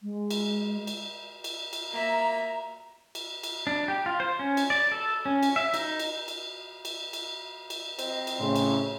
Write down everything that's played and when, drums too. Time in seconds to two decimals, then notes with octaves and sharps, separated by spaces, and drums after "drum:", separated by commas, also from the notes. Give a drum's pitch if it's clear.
0.02 G#3
0.31 drum: cymbal
0.87 drum: cymbal
1.44 drum: cymbal
1.73 drum: cymbal
1.90 A#3 E5 A#5
3.15 drum: cymbal
3.43 drum: cymbal
3.67 D4
3.88 G4
4.06 F4
4.20 C5
4.39 C#4
4.57 drum: cymbal
4.70 D5
4.92 A4
5.26 C#4
5.43 drum: cymbal
5.56 E5
5.74 D#4, drum: cymbal
5.99 drum: cymbal
6.28 drum: cymbal
6.85 drum: cymbal
7.13 drum: cymbal
7.70 drum: cymbal
7.99 C4 D#5, drum: cymbal
8.27 drum: cymbal
8.40 A2 C#3 C#4 C6
8.56 drum: cymbal